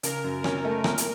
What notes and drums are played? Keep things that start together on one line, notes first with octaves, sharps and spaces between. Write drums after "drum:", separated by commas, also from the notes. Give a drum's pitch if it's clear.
C#3 A#4, drum: hi-hat
F#2
C#4, drum: rim click
A3
A#3, drum: rim click
drum: hi-hat